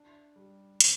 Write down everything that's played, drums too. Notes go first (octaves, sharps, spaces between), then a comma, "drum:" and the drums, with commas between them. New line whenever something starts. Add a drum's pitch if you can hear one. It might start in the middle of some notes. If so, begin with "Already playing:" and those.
Already playing: D4
G3
C4, drum: hi-hat